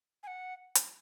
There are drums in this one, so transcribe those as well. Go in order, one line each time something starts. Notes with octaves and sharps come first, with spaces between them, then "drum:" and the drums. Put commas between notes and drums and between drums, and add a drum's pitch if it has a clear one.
G#5
F#5
drum: hi-hat